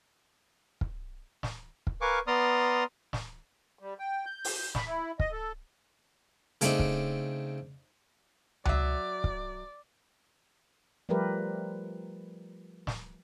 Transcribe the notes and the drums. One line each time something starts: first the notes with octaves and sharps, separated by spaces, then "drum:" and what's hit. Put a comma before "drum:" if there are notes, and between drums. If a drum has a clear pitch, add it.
drum: kick
drum: snare
drum: kick
A#4 B4 F5 G#5 C#6 D6
B3 D5 A#5 C6 D#6 F6
drum: snare
G3
G5
G6
drum: open hi-hat
B5, drum: snare
E4
D#5, drum: kick
A4
C#3 A3 C4 D4 D#4, drum: hi-hat
drum: kick
F#3 D5 E5, drum: tom C#2
drum: kick
F3 G3 A3 G4 A#4 B4
drum: snare